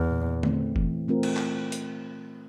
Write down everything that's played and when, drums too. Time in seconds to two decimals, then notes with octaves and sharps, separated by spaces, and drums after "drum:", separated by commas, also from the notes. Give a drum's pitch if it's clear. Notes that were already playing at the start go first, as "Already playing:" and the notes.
Already playing: E2
0.11 A#2
0.43 A3 C4, drum: tom D3
0.76 E3, drum: kick F1
1.08 A3 C4 F4 A#4
1.23 drum: cymbal
1.36 drum: clap
1.72 drum: hi-hat